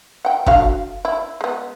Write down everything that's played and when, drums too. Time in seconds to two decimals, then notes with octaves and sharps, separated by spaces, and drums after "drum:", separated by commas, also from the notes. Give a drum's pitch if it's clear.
0.25 F#5 G5
0.46 D3 F#4 F5, drum: kick
1.05 E4
1.41 G#3 B3